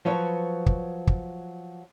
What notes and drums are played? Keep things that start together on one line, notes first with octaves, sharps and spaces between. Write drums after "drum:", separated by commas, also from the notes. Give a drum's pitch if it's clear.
F3 F#3 B4 C#5
drum: kick
drum: kick